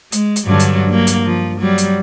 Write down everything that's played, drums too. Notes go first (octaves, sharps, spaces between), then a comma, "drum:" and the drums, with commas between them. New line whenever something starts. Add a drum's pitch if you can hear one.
G#3, drum: hi-hat
drum: hi-hat
G2 D3 F#3
drum: hi-hat
F#3 A#3
drum: hi-hat
F3
F#3 G3
drum: hi-hat